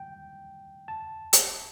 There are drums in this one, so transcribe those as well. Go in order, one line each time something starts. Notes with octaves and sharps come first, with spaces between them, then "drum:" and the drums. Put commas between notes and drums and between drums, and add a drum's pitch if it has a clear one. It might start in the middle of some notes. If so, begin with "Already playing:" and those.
Already playing: G5
A5
drum: hi-hat